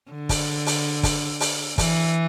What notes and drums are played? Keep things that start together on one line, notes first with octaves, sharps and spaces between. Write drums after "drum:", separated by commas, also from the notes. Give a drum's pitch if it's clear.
D3
drum: kick, open hi-hat
drum: open hi-hat
drum: kick, open hi-hat
drum: open hi-hat
E3, drum: kick, open hi-hat